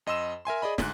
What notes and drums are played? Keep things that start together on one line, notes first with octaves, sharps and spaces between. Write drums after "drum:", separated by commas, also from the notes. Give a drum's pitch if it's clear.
F2 D#5 C6 E6 E7
A#4 E5 G#5 C6
G#4 D5 D#5 B5
D2 G#2 F#6, drum: snare